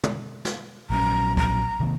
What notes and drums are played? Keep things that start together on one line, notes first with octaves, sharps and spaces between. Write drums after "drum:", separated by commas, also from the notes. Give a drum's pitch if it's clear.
drum: tom
drum: snare
A#1 F#3 C#4 A#5
A#5, drum: kick
C3 D#3 A#3